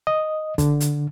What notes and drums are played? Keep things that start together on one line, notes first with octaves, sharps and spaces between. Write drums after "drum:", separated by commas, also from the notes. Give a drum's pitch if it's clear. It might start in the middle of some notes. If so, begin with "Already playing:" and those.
D#5
D3, drum: kick, hi-hat
drum: hi-hat